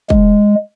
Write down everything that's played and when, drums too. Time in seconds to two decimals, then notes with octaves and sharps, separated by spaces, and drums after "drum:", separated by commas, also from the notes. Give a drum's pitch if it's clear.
0.10 G#3, drum: kick